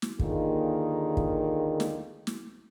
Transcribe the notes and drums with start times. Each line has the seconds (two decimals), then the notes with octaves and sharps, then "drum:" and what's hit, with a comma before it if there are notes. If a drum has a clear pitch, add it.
0.02 drum: snare
0.19 D#2 D3 D#3 A#3 F4 G#4, drum: kick
1.17 drum: kick
1.80 drum: snare
2.27 drum: snare